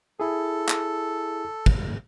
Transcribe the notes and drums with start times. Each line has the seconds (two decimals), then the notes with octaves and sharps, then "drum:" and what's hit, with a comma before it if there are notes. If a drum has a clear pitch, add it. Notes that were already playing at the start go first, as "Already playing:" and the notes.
0.20 E4 G#4 A4
0.68 drum: clap
1.66 drum: kick